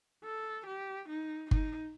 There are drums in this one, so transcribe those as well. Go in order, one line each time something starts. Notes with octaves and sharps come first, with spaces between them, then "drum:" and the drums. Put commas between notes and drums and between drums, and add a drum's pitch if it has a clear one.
A4
G4
D#4
D#4, drum: kick G1